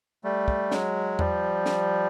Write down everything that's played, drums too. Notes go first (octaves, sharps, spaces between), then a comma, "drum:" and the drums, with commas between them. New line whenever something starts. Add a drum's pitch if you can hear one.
G3 A3
drum: kick
F#3 G#3, drum: snare
F3 G3, drum: tom E2
drum: snare